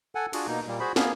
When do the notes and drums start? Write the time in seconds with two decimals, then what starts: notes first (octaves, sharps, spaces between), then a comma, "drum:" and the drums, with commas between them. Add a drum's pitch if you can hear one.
0.15 A4 F#5 G#5
0.33 D4 F4 F#4 G#4, drum: cymbal
0.47 B2 A#3 D#4
0.67 A#2 G3 A#3
0.80 F#4 G#4 C5 B5
0.96 A#3 B3 G#4 F5, drum: snare